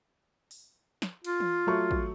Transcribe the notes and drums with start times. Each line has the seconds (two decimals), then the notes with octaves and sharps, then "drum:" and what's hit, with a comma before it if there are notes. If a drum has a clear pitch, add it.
0.51 drum: open hi-hat
1.02 drum: snare
1.24 F4, drum: cymbal
1.40 drum: tom E3
1.67 F#3 A3 C#6
1.91 drum: kick